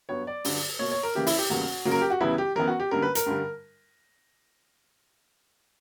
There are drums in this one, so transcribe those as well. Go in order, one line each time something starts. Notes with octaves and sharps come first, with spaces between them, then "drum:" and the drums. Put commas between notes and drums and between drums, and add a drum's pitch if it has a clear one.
G2 F#3 B3 C#5
D5
G2 D3 F#3, drum: open hi-hat
B2 A#3 C#5
C#5
A#4
C#3 E3 A#3 G4
E4, drum: open hi-hat
G4
E2 C#3 G3 A#3 F#4
C#3 F#3 A#3
A#4
G4
F#4
E2 C#3 E3 G3 B3 E4
G4
F#2 E3 B3 A#4
F#4
G4
F#2 D3 G3 A#3 A#4
B4
A#4, drum: hi-hat
G2 D3 G3